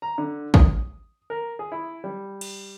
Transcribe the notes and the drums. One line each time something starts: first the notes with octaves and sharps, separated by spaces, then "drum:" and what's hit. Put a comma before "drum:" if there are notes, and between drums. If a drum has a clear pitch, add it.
A#5
D3
D#6, drum: kick
A#4
G#4
E4
G3
drum: cymbal